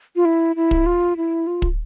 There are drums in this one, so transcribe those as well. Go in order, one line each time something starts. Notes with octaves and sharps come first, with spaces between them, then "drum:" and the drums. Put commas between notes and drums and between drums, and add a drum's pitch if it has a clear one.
F4
E4
E4
drum: kick
F4
E4
F4
drum: kick